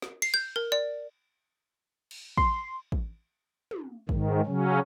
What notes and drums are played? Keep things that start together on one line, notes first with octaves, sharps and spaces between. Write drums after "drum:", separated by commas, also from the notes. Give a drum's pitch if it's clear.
drum: snare
C7, drum: cymbal
G6
A#4
D5
drum: cymbal
C6, drum: kick
drum: kick
drum: tom
G#2 D#3, drum: kick
C#3 F#3 C#4